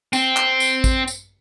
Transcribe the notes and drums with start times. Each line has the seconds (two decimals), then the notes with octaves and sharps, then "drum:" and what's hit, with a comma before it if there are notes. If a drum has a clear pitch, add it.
0.13 C4, drum: tambourine
0.37 drum: clap
0.60 drum: tambourine
0.84 drum: kick, tambourine
1.08 drum: tambourine